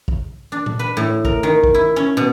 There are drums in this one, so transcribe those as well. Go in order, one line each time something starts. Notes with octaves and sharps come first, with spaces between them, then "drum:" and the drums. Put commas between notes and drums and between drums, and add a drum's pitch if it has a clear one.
drum: kick
D4
drum: tom A#2
B4
A2
A#4, drum: kick
D#3
drum: kick
E4
C#4
B2